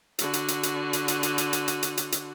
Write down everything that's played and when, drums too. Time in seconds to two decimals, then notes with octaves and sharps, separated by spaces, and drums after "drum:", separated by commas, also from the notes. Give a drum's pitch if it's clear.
0.19 D3 F#4, drum: hi-hat
0.33 drum: hi-hat
0.48 drum: hi-hat
0.63 drum: hi-hat
0.93 drum: hi-hat
1.08 drum: hi-hat
1.23 drum: hi-hat
1.38 drum: hi-hat
1.53 drum: hi-hat
1.68 drum: hi-hat
1.83 drum: hi-hat
1.97 drum: hi-hat
2.12 drum: hi-hat